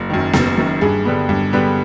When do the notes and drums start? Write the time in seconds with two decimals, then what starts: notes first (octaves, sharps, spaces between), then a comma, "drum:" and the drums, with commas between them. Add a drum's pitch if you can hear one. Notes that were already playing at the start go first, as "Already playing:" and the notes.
Already playing: F#1
0.10 F#2 D#3
0.33 F#1, drum: snare B3
0.57 F#2 D#3
0.81 G2 G#4
1.05 D3 G3 B3
1.29 G2
1.53 D3 G3 B3